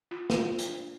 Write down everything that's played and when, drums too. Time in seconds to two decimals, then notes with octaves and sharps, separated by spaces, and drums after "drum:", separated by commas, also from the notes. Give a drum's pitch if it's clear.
0.11 F4
0.30 F4, drum: snare
0.49 C5
0.59 drum: hi-hat
0.68 D4